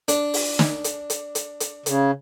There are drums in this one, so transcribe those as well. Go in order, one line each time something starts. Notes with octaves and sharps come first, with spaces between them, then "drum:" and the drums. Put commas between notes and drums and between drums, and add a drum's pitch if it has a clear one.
D4, drum: hi-hat
drum: open hi-hat
drum: snare
drum: hi-hat
drum: hi-hat
drum: hi-hat
drum: hi-hat
C#3, drum: hi-hat